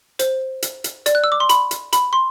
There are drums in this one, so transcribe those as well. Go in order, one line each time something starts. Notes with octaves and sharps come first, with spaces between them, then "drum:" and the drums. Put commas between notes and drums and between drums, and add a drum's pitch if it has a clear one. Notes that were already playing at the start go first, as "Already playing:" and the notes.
C5, drum: hi-hat
drum: hi-hat
drum: hi-hat
D5, drum: hi-hat
F#6
E6
D6
C6
B5, drum: hi-hat
drum: hi-hat
B5, drum: hi-hat
C6